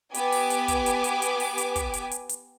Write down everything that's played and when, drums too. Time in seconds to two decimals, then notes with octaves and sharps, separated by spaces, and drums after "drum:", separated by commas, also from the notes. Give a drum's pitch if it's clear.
0.14 B3 G4 G#5 D6, drum: hi-hat
0.32 drum: open hi-hat
0.50 drum: hi-hat
0.68 drum: kick, hi-hat
0.86 drum: hi-hat
1.04 drum: hi-hat
1.22 drum: hi-hat
1.40 drum: open hi-hat
1.58 drum: hi-hat
1.76 drum: kick, hi-hat
1.94 drum: hi-hat
2.11 drum: hi-hat
2.29 drum: hi-hat